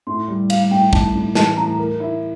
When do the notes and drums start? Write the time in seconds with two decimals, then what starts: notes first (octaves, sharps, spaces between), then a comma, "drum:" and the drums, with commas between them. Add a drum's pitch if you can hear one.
0.07 A2 C6
0.28 G3
0.50 G3 F5, drum: cymbal
0.71 A2 G5
0.93 A2 A5, drum: kick
1.15 A2
1.35 E3 A5, drum: snare
1.57 A2 A#5
1.78 A#4
2.00 E4